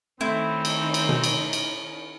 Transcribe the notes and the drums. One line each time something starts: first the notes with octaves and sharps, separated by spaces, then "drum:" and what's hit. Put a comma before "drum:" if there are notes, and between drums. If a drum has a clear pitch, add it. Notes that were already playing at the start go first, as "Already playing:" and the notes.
D#3 A3 C4 C#4 D#4 E4
drum: cymbal
drum: cymbal
drum: tom B2
drum: cymbal
drum: cymbal